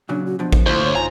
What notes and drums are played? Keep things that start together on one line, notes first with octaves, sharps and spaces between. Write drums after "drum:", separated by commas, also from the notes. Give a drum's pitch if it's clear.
A#2 C#3 F#3 D4
F#4
B2 F3 D4
drum: kick A1
D2 A#2 D3 E4 F4 C5
C#5
D#4 F4 G#5 A#5